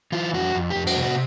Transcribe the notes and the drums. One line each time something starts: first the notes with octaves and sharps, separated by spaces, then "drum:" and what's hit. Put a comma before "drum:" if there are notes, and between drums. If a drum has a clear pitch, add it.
E3 F4
F2 F#4
F2
G4
F2
F#4, drum: cymbal
C3
F#4